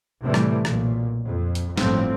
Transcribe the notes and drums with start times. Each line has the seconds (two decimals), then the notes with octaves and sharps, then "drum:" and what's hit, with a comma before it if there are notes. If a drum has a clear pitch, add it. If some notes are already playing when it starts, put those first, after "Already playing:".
0.22 A2 C3 E3 G3 A3
0.34 drum: rim click
0.65 B1 A#2, drum: rim click
1.26 F2
1.55 drum: hi-hat
1.78 G1 A2 F3 C4, drum: snare